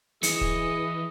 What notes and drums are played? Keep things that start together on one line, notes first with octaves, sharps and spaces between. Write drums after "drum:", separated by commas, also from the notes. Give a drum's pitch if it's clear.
E3 G#4 D#5 C#7, drum: hi-hat
drum: kick